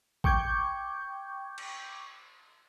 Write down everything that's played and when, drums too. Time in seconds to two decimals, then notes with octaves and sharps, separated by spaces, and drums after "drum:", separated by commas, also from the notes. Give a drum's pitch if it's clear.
0.24 G5 C#6 D6 G6 G#6, drum: kick
1.58 drum: cymbal